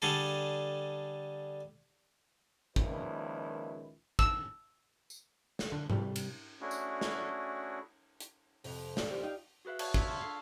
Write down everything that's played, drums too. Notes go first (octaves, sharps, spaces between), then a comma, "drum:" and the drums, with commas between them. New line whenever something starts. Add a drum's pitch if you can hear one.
D3 G3 G#4 A4
C#2 A#2 D#3 F3 E4 B4, drum: kick
E6, drum: kick
drum: tambourine
drum: snare
D3
C3 G3, drum: tom G#2
drum: cymbal
A3 C#4 D4 E4 F#4 G#4
drum: tambourine
drum: snare
drum: hi-hat
F2 C3, drum: open hi-hat
D2 F4 D5, drum: snare
C4 G4
D#4 F5 G5
F#4 G#4 B4 E5 F5
C#5 E5 F5 A5 C#6 D#6, drum: cymbal
F4 G#4 E6 G#6 B6, drum: kick
A5 C6 C#6 F6
D4 A4 F5 C7